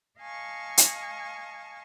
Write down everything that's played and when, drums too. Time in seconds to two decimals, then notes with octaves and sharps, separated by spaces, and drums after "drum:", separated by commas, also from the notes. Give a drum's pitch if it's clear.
0.19 D#5 F5 G#5 A5 C#6
0.77 drum: hi-hat